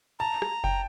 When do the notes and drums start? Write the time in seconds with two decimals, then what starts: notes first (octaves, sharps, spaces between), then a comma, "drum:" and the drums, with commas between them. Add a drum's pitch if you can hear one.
0.19 A5 A#5
0.42 drum: rim click
0.64 G5, drum: kick F#1